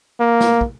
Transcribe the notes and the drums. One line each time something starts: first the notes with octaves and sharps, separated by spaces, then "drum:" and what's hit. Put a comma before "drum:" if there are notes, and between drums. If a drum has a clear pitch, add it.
A#3
drum: snare
drum: kick